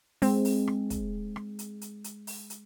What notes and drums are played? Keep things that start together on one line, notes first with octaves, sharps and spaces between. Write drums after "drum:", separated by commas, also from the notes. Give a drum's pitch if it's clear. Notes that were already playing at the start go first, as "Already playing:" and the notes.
G#3 C4, drum: open hi-hat
drum: open hi-hat
drum: rim click
drum: kick, hi-hat
drum: rim click
drum: hi-hat
drum: hi-hat
drum: hi-hat
drum: open hi-hat
drum: hi-hat